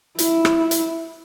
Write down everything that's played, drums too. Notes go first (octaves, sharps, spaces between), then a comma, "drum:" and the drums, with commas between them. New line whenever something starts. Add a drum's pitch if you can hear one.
E4, drum: hi-hat
drum: rim click
drum: hi-hat